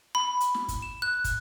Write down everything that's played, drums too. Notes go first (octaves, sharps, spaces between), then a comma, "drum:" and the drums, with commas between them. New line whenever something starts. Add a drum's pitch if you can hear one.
B5
drum: hi-hat
drum: snare
drum: kick, hi-hat
E7
F#6
drum: kick, hi-hat